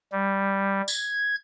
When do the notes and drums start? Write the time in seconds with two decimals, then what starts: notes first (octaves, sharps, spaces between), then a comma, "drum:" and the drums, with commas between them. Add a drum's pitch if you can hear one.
0.12 G3
0.88 G#6, drum: tambourine